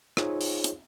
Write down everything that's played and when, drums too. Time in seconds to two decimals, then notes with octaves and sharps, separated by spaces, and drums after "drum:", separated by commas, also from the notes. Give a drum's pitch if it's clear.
0.17 D#4 F4 G#4 C5 C#5, drum: rim click
0.41 drum: open hi-hat
0.64 drum: hi-hat